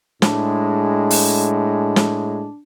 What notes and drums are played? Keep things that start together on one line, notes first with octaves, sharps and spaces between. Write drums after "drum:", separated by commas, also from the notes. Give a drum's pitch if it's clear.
A2 G#3 D4, drum: snare
drum: open hi-hat
drum: snare